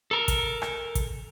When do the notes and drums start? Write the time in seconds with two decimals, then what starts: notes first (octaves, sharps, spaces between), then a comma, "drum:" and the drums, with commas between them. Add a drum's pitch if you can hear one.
0.11 A4 A#4
0.28 drum: kick, hi-hat
0.62 drum: rim click
0.95 drum: kick, hi-hat